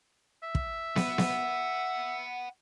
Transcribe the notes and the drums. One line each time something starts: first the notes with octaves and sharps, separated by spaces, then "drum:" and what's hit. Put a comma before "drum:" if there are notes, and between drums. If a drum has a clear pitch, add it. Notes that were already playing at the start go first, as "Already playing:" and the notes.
E5
drum: kick
F#5 B5, drum: snare
drum: snare